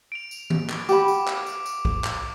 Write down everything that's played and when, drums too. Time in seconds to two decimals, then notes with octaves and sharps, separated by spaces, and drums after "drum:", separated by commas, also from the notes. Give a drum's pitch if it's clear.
0.12 D7 F7
0.31 drum: tambourine
0.50 drum: tom D#3
0.70 drum: clap
0.89 G4 F#5 B5 D6, drum: tambourine
1.08 drum: tambourine
1.27 drum: clap
1.46 drum: tambourine
1.66 drum: tambourine
1.85 drum: kick
2.04 drum: clap